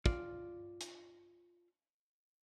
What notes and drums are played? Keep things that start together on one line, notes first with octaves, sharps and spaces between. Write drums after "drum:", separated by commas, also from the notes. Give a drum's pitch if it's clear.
F4 D5, drum: kick
drum: hi-hat